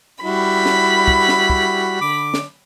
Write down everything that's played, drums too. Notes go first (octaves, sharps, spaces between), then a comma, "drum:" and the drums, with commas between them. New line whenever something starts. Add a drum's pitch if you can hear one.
G3 E4 F#4 B5
drum: snare
drum: kick
drum: snare
drum: kick
D3 D6
drum: snare